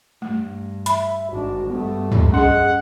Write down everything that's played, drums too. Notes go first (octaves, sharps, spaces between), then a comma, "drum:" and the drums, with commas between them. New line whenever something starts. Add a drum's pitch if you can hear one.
G2 A3
E5 B5, drum: hi-hat
G#1 D4 F#4
G2 A3 B3
drum: tom
C#4 G#4 D#5 F#5